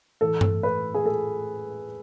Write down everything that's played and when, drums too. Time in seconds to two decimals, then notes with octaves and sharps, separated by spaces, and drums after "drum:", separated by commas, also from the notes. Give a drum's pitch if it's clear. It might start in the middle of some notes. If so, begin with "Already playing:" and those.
0.21 A2 E3 A3 A4
0.41 drum: tom G2
0.63 B4
0.94 G#4
1.06 A4